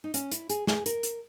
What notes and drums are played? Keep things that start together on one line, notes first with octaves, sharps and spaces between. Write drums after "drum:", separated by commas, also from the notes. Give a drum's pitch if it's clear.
D#4
C#4, drum: hi-hat
E4, drum: hi-hat
G#4, drum: hi-hat
G#4, drum: snare
A#4, drum: hi-hat
drum: hi-hat